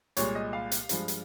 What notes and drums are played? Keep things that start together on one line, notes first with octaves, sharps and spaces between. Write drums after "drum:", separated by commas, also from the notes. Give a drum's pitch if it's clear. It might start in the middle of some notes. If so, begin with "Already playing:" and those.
C2 A#2 G#3 C#5, drum: hi-hat
D#5
F5
drum: hi-hat
G2 F3 G#3, drum: hi-hat
drum: hi-hat